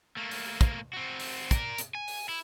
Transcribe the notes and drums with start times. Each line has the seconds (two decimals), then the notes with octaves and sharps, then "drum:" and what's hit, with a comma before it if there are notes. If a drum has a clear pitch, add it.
0.17 A3 A#3
0.31 drum: open hi-hat
0.61 drum: kick, hi-hat
0.93 C4 F#4
1.20 drum: open hi-hat
1.51 A#4 D5, drum: kick, hi-hat
1.78 drum: hi-hat
1.95 G#5
2.08 drum: open hi-hat
2.29 E4